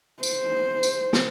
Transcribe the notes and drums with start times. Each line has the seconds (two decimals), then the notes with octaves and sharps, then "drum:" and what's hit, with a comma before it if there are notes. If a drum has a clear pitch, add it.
0.23 C5, drum: tambourine
0.83 drum: tambourine
1.13 drum: snare